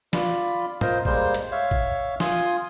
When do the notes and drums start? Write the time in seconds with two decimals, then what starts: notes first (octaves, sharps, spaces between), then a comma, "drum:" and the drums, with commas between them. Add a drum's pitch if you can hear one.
0.13 F4 D5 B5, drum: snare
0.81 F4 A#4 C5 D#5, drum: tom G#2
1.05 G3 G#3 A#3 C5, drum: kick
1.34 drum: hi-hat
1.52 C#5 E5 F5
1.71 drum: kick
2.20 F4 G#5 C6 D#6, drum: snare